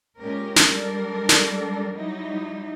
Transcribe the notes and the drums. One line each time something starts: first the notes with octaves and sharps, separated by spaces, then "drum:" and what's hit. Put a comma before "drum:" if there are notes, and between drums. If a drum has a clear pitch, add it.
A#2 G#3 C#4 G4 A#4
drum: snare
G3 G#3 D4 A4 A#4
drum: snare
F#3 G3 D#4 E4